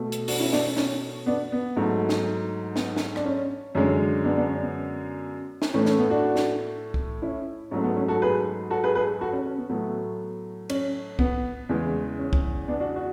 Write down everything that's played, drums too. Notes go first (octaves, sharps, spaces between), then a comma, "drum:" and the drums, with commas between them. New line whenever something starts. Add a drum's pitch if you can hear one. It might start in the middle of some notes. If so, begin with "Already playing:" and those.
Already playing: B2 A3
drum: hi-hat
D4 F#4, drum: open hi-hat
C#4 E4
B3 D4, drum: snare
C#4
C#4, drum: snare
B3 D4
B3
G#2 F#3 A3
drum: snare
B3, drum: snare
drum: snare
D4, drum: rim click
C#4
F#2 D3 G#3 C#4
B3 D4
B3 D4
C#4
B3
drum: snare
A2 E3 A3 C#4
C#4, drum: snare
B3
D4 F#4
drum: snare
drum: kick
C#4 E4
G#2 F#3 A3 C#4
B3
C#4
F#4 A4
G#4 B4
F#4 A4
G#4 B4
G#4 B4
F#4 A4
C#4
C#4
B3
A2 F#3 A3 B3
C#4, drum: cymbal
B3, drum: kick
E2 C#3 E3 G#3
C#4
drum: kick
B3 D4
D4 F#4
F#4